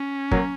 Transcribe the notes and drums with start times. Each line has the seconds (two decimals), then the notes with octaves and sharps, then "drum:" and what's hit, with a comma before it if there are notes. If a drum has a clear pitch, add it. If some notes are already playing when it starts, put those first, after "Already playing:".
Already playing: C#4
0.31 F#3 A#3, drum: kick